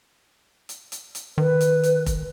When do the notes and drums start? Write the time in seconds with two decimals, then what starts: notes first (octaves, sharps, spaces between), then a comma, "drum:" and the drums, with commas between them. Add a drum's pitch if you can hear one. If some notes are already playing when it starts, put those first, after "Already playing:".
0.69 drum: hi-hat
0.92 drum: hi-hat
1.15 drum: hi-hat
1.38 D#3 B4
1.61 drum: hi-hat
1.83 drum: hi-hat
2.06 drum: kick F1, hi-hat